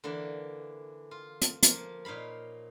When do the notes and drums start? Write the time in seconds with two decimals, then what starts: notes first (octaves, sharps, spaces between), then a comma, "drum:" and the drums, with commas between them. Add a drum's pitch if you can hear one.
0.04 D3 E3 A#3 D4
1.11 F4
1.42 drum: hi-hat
1.63 F3 A#3, drum: hi-hat
2.05 A#2 D#4 C#5 F5 B5